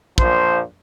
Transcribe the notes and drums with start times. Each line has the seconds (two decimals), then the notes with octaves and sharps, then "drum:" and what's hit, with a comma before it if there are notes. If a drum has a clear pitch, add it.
0.18 A#1 A#2 F3 C5, drum: kick